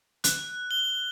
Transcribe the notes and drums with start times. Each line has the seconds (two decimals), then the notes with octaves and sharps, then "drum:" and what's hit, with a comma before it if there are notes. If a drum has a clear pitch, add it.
0.24 F#6, drum: hi-hat
0.71 G7